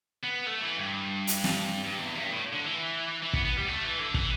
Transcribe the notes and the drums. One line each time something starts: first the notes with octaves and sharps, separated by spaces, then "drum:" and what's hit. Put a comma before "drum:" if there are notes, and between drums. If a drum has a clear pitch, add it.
B3
A3
E3
G2
drum: hi-hat
drum: snare
G2
E2
G2
A2
D3
E3
E3
B3, drum: kick
B3
G3
A3
E3
D3
E3, drum: kick